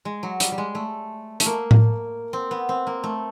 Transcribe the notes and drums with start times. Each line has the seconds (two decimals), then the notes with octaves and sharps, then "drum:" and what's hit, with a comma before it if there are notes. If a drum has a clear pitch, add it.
0.05 G#3
0.23 F#3
0.40 G3, drum: hi-hat
0.52 G3
0.58 G#3
0.75 A3
1.40 A3, drum: hi-hat
1.46 A#3
1.71 drum: tom A2
2.33 C4
2.51 B3
2.69 C4
2.87 A#3
3.04 A3